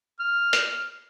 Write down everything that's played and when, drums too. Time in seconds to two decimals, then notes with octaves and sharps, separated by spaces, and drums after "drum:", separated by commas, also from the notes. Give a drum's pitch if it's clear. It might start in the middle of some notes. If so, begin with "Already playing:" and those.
0.20 F6
0.53 drum: hi-hat